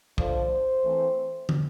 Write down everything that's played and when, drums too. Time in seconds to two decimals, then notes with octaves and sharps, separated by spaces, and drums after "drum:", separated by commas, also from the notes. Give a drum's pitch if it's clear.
0.18 D3 F3 A3 C5, drum: kick
0.84 E3 A3 C4
1.49 drum: tom